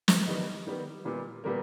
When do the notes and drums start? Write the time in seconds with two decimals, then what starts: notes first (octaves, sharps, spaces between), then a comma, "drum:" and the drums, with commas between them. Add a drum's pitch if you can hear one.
0.08 drum: snare
0.26 D#3 G3 B3 D#5
0.66 D#3 G3 B3
1.05 A#2 G3 B3
1.44 A#2 G3 B3 A#4